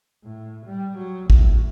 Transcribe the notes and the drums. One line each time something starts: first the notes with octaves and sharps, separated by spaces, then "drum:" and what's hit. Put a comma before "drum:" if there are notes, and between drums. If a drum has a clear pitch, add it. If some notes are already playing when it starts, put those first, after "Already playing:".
A2
G3
F#3
A2, drum: kick